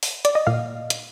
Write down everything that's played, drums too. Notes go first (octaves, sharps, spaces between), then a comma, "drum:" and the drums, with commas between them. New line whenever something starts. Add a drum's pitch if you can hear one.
drum: open hi-hat
D5, drum: hi-hat
D#5
A#2 F5
drum: hi-hat